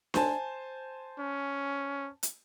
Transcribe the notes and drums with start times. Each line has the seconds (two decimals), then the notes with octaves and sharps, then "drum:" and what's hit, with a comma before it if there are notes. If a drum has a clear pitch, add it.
0.14 C5 G#5 A5, drum: snare D4
1.19 C#4
2.23 drum: hi-hat